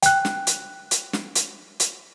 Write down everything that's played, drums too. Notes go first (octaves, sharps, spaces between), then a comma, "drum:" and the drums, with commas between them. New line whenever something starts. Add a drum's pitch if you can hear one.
G5 F#6, drum: hi-hat
drum: snare
drum: hi-hat
drum: hi-hat
drum: snare
drum: hi-hat
drum: hi-hat